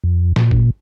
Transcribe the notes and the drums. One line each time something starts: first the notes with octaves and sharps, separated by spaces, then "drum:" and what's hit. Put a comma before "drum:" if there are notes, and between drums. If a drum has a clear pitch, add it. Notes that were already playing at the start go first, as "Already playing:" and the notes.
F2
A#2, drum: snare
drum: kick G1